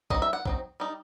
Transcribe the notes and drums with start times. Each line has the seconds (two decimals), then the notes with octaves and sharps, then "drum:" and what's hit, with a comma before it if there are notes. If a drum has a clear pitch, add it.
0.10 F#3 C4 D#4 D#5, drum: kick A#1
0.22 E5
0.33 F#5
0.45 F#3 C4 D#4, drum: kick A#1
0.80 G3 D#4